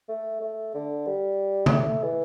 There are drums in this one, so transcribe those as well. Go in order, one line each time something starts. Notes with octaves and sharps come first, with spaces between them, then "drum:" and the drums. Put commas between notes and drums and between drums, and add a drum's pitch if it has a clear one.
A3
A3
D3
G3
C4, drum: tom C#3
A3
E3